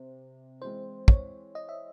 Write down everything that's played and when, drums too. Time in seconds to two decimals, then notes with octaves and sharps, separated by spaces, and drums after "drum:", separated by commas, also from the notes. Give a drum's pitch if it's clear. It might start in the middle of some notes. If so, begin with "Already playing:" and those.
Already playing: C3 C5
0.62 E3 G#3 C4 C5
1.08 C#5, drum: kick
1.55 D#5
1.69 E5